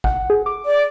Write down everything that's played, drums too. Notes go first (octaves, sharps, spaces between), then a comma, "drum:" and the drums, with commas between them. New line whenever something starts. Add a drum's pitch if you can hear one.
F#5, drum: kick G#1
G#4
D6
D5